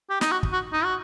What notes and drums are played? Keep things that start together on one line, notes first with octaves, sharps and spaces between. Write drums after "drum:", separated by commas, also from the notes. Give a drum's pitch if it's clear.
G4
D#4, drum: snare
F#4
drum: kick
F#4
D#4
F#4